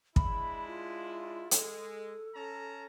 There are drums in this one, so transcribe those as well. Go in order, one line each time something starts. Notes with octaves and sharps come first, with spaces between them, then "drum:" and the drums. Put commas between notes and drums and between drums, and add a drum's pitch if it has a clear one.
G#3 D4 E4 B5, drum: kick
F4
G#3 A4, drum: hi-hat
C#4 A5 A#5